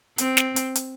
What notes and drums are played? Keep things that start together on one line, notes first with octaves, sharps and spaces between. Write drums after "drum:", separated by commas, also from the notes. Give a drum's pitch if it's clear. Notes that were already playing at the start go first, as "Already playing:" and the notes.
C4, drum: hi-hat
drum: snare
drum: hi-hat
drum: hi-hat